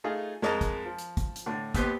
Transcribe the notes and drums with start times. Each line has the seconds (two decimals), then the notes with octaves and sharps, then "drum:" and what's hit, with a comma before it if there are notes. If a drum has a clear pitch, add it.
0.04 A3 D#4 F4 G#4
0.42 F2 G#3 A#4 D#5 A5 A#5, drum: snare
0.61 drum: kick, hi-hat
0.85 F3
0.98 drum: hi-hat
1.17 drum: kick, hi-hat
1.36 drum: hi-hat
1.46 A2 D3
1.74 D#2 B3 G4 B4 C5, drum: kick, hi-hat